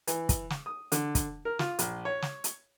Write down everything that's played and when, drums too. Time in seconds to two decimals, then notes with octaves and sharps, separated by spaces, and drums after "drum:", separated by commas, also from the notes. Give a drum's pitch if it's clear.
0.07 E3, drum: hi-hat
0.29 drum: kick, hi-hat
0.50 drum: snare
0.66 D#6
0.92 D3, drum: hi-hat
1.15 drum: kick, hi-hat
1.45 A#4
1.59 F4, drum: snare
1.79 A#1, drum: hi-hat
2.05 C#5
2.22 drum: snare
2.44 drum: hi-hat